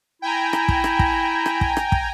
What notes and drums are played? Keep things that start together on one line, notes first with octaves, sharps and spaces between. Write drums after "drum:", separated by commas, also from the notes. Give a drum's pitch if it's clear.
E4 G5 G#5 A#5
drum: rim click
drum: kick
drum: rim click
drum: kick
drum: rim click
drum: kick
drum: rim click
drum: kick